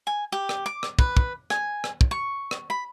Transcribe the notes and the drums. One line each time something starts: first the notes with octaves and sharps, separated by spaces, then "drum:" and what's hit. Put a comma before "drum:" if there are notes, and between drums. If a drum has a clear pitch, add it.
G#5
G4
drum: rim click
D6
drum: rim click
B4, drum: kick
drum: kick
G#5, drum: rim click
drum: rim click
drum: kick
C#6
drum: rim click
B5